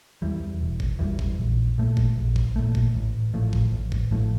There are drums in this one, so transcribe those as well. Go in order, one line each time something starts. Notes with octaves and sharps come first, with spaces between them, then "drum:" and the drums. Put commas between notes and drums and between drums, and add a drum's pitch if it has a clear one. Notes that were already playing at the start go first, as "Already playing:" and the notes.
E2 E3 G3
E1
drum: kick G1
E2 E3 G3
drum: kick G1
A#1
A#2 A3
drum: kick G1
A#1
drum: kick G1
A#2 A3
drum: kick G1
A1
A2 F3 A3
drum: kick G1
A1
drum: kick G1
A2 F3 A3